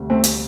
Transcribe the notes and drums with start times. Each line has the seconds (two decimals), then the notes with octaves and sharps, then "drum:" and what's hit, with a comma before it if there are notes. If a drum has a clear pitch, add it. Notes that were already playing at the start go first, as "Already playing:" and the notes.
Already playing: D2 C3 G3
0.10 A3 C4
0.24 drum: hi-hat